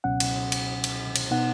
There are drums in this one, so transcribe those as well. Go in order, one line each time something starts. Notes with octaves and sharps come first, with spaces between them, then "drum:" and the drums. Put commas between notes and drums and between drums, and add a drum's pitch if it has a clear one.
C#2 B2 F#3 C#4 F#5
drum: cymbal
drum: cymbal
drum: cymbal
drum: cymbal
B2 B3 D#4 F#5